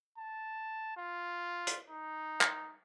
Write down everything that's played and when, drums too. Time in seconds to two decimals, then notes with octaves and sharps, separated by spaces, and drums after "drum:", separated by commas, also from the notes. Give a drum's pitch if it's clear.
0.18 A5
0.97 F4
1.67 drum: hi-hat
1.90 D#4
2.41 drum: clap